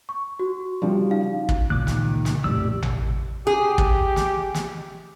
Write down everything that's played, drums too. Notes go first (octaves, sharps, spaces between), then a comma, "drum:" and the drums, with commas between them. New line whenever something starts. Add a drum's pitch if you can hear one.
C#6
F#4
C#3 F3 G3
D#4 F5
drum: kick
C#2 A#2 D#3 D6 F#6
drum: snare
drum: snare
A#1 F2 A2 G4 D5 E6
drum: tom A1
G4 G#4
drum: kick
drum: snare
drum: snare